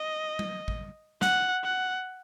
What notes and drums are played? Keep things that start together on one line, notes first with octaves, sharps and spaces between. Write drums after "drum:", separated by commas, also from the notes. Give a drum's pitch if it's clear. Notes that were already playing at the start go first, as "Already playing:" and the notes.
Already playing: D#5
drum: tom
drum: kick
F#5, drum: snare
F#5